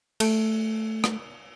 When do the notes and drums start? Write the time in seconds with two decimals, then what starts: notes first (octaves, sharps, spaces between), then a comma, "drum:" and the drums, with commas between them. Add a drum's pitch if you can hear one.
0.20 A3, drum: cymbal
1.04 drum: rim click